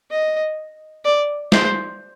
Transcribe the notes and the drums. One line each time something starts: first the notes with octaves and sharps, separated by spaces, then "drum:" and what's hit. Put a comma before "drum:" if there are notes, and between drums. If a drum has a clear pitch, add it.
D#5
D5
C5, drum: snare